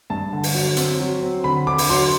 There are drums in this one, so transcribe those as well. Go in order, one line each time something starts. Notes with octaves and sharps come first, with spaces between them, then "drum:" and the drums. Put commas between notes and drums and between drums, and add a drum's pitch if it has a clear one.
G2 A5
D3
drum: open hi-hat
F#3
C4, drum: hi-hat
F#3
C4
D3 B5
D3 D6
drum: open hi-hat
F#3 C6